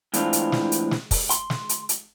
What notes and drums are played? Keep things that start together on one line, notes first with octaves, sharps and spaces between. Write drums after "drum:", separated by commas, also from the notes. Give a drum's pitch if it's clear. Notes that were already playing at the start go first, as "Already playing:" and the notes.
A2 E3 G#3 C4 D4 F4, drum: hi-hat
drum: hi-hat
drum: snare
drum: hi-hat
drum: snare
drum: kick, open hi-hat
C6, drum: hi-hat
drum: snare
drum: hi-hat
drum: hi-hat